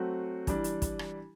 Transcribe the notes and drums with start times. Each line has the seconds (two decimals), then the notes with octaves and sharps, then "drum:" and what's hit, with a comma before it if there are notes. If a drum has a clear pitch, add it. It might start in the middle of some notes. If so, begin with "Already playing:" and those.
Already playing: F#3 A3 C4 F#4
0.47 E3 G3 D4, drum: kick, hi-hat
0.64 drum: hi-hat
0.82 drum: kick, hi-hat
0.99 drum: rim click